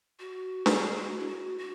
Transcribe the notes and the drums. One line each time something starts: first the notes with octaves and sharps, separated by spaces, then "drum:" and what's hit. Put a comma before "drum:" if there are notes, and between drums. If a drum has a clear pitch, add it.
F#4
G#4, drum: snare D4
F#4
E4
F#4
F#4